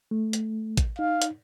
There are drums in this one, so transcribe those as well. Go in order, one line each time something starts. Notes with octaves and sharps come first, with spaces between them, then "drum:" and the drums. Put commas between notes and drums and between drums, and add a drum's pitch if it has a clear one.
A3
drum: hi-hat
drum: kick, hi-hat
D#4 F5
drum: hi-hat